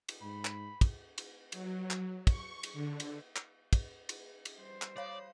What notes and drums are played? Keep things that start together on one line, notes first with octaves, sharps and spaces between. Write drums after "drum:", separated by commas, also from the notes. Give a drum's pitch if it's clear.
drum: cymbal
G#2 B5
drum: clap
drum: kick, cymbal
drum: cymbal
F#3, drum: cymbal
drum: clap
C#6, drum: kick, cymbal
drum: cymbal
D3
drum: cymbal
drum: clap
drum: kick, cymbal
drum: cymbal
drum: cymbal
G3 C5
drum: clap
C#5 D5 F5